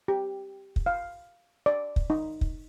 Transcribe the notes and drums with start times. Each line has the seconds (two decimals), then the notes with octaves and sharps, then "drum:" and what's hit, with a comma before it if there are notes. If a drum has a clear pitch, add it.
0.08 G4
0.76 drum: kick
0.86 F5
1.66 D5
1.96 drum: kick
2.10 D#4
2.41 drum: kick